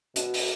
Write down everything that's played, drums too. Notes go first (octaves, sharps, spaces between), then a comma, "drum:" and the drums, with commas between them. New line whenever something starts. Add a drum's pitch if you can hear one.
B2 F#4, drum: hi-hat
drum: open hi-hat